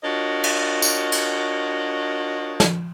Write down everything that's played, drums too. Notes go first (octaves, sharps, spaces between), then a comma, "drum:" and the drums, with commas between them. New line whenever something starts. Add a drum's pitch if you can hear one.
D4 F4 F#4 A#4 C#5 D#5
drum: cymbal
drum: tambourine
drum: cymbal
drum: snare